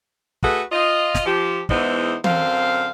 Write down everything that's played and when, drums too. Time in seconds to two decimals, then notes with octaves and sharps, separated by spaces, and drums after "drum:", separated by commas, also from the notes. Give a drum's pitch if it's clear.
0.43 A3 F#4 G#4 A4 B4, drum: kick
0.71 F4 D#5
1.15 drum: snare
1.25 F3 G4
1.69 E2 E3 G#3 B3 D#4 C5, drum: kick
2.24 F#2 D3 C4 F5, drum: tom E3